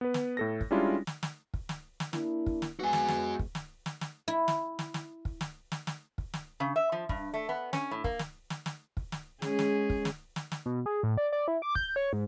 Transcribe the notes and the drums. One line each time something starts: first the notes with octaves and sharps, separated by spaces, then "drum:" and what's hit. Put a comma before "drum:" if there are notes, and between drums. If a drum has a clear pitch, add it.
B3 B4
drum: snare
A2 A4 A#6
drum: kick
G3 G#3 C#4 D4 E4 F4
drum: snare
drum: snare
drum: kick
drum: snare
drum: snare
A#3 D4 E4, drum: snare
drum: kick
drum: snare
G#3 B3 F#4 G#5
drum: snare
drum: snare
drum: kick
drum: snare
drum: snare
drum: snare
E4
drum: snare
drum: snare
drum: snare
drum: kick
drum: snare
drum: snare
drum: snare
drum: kick
drum: snare
C#3
E5
F3
G2, drum: kick
A3
B3
C#4, drum: snare
A2
A#3, drum: kick
drum: snare
drum: snare
drum: snare
drum: kick
drum: snare
G#3 C#4 G#4, drum: snare
drum: snare
drum: kick
drum: snare
drum: snare
drum: snare
B2
G#4
A2
D5
D5
E4
D6
G6, drum: kick
C#5
G#2